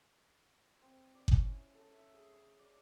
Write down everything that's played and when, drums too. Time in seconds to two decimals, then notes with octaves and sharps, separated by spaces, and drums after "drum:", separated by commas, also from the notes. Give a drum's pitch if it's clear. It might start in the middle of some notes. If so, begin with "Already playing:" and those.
0.82 C4
1.15 D5
1.28 C#4, drum: kick G1
1.43 E4
1.75 A4
1.92 E5
2.14 G#4
2.32 C#5
2.59 D5